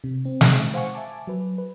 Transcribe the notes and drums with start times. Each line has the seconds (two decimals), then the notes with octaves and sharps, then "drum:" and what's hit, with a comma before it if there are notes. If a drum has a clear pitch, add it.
0.04 C3
0.25 C4
0.41 drum: snare
0.74 C5 F5 F#5 G#5 C#6
0.94 E5 G#5 A5 D6
1.27 F#3 B4
1.58 B4